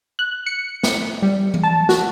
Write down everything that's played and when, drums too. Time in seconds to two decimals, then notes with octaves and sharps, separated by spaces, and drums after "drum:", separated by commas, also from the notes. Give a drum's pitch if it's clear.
0.19 F#6
0.46 C#7
0.83 drum: snare
1.22 G3
1.54 drum: tom E3
1.63 A5
1.89 F#4, drum: snare